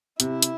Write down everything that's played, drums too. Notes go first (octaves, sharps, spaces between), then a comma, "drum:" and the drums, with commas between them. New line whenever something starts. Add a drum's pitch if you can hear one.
C3 E4, drum: hi-hat
drum: hi-hat